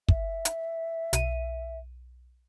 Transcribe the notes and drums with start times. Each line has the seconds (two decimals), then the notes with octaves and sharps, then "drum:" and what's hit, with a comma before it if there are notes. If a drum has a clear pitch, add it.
0.08 E5, drum: kick
0.45 drum: hi-hat
1.13 B1 D#7, drum: hi-hat